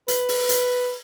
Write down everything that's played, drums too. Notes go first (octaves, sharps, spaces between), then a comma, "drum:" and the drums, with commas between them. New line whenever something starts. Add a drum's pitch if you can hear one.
B4, drum: hi-hat
drum: open hi-hat
drum: hi-hat